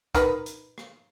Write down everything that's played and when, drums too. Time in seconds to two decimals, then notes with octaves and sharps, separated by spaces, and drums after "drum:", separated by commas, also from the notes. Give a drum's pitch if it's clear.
0.15 D#4 A#4 B4, drum: kick, hi-hat
0.46 drum: hi-hat
0.78 drum: rim click